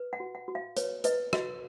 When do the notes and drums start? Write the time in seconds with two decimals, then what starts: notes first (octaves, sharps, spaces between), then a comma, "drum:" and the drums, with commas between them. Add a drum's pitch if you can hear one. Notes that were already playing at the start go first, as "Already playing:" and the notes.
Already playing: B4
0.13 F#5
0.20 F#4
0.35 F#5
0.48 F#4
0.55 F5
0.77 B4 C#5, drum: hi-hat
1.04 B4 D#5, drum: hi-hat
1.33 F#4 D#5, drum: rim click